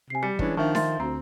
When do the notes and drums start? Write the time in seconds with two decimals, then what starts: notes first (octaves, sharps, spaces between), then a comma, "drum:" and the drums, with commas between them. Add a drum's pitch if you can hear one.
0.10 C3 G#5 C7
0.23 G3 B6 C#7
0.39 E3 G#3 C#4 D4, drum: kick
0.57 D#3 F3 D4 E5 C#6
0.75 E5 C6 A6, drum: snare D4
1.00 D2 C4 A#5